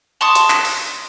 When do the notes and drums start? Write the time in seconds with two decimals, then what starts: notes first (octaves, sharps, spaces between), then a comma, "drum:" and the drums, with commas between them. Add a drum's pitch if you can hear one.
0.21 A5 C6 C#6 D#6
0.35 drum: hi-hat
0.50 drum: clap
0.65 drum: open hi-hat